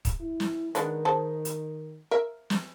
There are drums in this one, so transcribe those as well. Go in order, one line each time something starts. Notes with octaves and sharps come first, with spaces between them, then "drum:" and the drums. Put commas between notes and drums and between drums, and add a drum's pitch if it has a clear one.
drum: kick, hi-hat
E4
drum: snare
D#3 G#3 B3 D4, drum: hi-hat
G#4 C5 A5
drum: hi-hat
A#4 E5
drum: snare